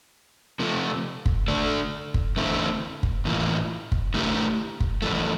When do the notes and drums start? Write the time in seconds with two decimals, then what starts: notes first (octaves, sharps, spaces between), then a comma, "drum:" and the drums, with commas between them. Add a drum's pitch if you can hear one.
0.59 C3 F3 A3
1.26 drum: kick
1.48 D3 A3 D4
2.14 drum: kick
2.36 E2 D3 A3 C4 E4
3.03 drum: kick
3.25 A2 E3 A#3 F4
3.92 drum: kick
4.14 D3 A3 E4 G4
4.80 drum: kick
5.02 F2 E3 A3